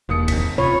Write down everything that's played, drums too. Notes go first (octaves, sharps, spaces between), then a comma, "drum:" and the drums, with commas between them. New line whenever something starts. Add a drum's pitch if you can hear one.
E1 D#2 D#6 C#7
G#1 B6, drum: kick D2, cymbal
C3 F4 C#5 B5